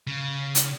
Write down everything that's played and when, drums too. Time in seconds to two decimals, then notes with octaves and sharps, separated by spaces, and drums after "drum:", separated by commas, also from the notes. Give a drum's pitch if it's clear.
0.07 C#3
0.55 drum: hi-hat